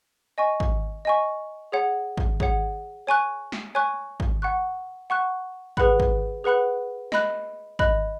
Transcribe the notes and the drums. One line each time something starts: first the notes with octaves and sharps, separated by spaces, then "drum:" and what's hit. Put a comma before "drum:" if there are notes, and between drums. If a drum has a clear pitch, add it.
D#5 G#5 C#6
drum: kick
D#5 G#5 C#6
G#4 C#5 F#5
drum: kick
G#4 C#5 F#5, drum: kick
C#5 G#5 C#6 F#6
drum: snare
C#5 G#5 C#6 F#6
drum: kick
F#5 C#6 F#6
F#5 C#6 F#6
G#4 B4 F#5 B5 F#6, drum: kick
drum: kick
G#4 B4 F#5 B5 F#6
D#5 B5 F#6, drum: snare
D#5 B5 F#6, drum: kick